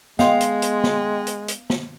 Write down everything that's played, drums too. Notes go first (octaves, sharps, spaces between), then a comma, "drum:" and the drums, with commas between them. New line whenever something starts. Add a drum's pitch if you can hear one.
G#3 B3 D#5 F5 G5 C6, drum: snare
drum: hi-hat
drum: hi-hat
drum: snare
drum: hi-hat
drum: hi-hat
drum: snare